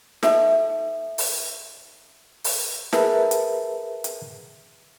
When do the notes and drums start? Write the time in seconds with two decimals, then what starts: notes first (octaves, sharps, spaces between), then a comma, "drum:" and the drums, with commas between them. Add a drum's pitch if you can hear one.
0.23 D#4 A4 B4 D#5 E5, drum: snare
1.18 drum: open hi-hat
2.44 drum: open hi-hat
2.93 G#4 A#4 B4 E5 A5, drum: snare
3.31 drum: hi-hat
4.04 drum: hi-hat